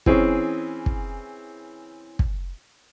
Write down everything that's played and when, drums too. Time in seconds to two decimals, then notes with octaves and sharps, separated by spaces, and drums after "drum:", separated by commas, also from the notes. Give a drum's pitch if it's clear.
0.06 E3 C4 C#4 G#4, drum: kick
0.86 drum: kick
2.19 drum: kick